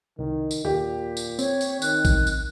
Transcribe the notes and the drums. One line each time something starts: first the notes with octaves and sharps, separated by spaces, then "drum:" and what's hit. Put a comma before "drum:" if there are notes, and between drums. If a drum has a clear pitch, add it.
C2 D#3
drum: tambourine
D#2 A#2 G4
drum: tambourine
C4 C#5, drum: tambourine
drum: tambourine
D#3 F#6, drum: tambourine
drum: kick, tambourine
drum: tambourine